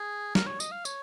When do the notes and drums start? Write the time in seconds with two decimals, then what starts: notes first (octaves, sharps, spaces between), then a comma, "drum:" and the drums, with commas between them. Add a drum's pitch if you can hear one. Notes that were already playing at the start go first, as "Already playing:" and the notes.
Already playing: G#4
0.35 A#4, drum: snare
0.47 C#5
0.60 D#5, drum: tambourine
0.72 F5
0.85 C#5, drum: tambourine